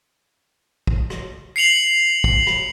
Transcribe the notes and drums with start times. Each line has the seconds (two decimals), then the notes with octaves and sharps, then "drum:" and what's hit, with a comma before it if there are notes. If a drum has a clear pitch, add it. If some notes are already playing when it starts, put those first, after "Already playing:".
0.87 drum: kick
1.10 drum: rim click
1.56 C7 C#7 F7 F#7
2.24 drum: kick
2.47 drum: rim click